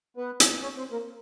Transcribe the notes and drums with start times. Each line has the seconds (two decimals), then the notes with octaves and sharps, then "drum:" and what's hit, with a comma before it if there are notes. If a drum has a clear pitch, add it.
0.17 B3 B4
0.40 drum: hi-hat
0.62 C#4 C#5
0.78 C4 C5
0.92 A#3 A#4